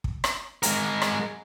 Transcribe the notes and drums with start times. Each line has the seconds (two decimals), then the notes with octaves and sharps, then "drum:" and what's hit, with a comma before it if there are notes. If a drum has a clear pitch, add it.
0.04 drum: kick
0.24 drum: rim click
0.63 G#3 A#4, drum: hi-hat
1.02 drum: rim click